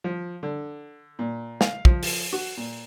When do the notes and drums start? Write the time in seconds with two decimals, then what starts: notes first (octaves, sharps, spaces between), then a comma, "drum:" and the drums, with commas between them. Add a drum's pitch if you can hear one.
0.04 F3
0.43 D3
1.19 A#2
1.61 F5, drum: snare
1.85 F3, drum: kick
2.03 drum: open hi-hat
2.33 F#4
2.57 A#2